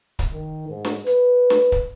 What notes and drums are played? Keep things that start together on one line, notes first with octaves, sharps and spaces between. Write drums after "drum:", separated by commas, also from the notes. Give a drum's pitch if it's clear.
drum: kick C#1, hi-hat
D#3
G#2
drum: snare
B4, drum: hi-hat
drum: snare
drum: kick C#1